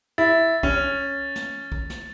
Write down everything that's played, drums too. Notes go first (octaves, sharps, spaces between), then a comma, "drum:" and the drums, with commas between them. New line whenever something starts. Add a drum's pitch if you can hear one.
E4 A6
C#4, drum: kick B1
drum: snare
drum: kick B1
drum: snare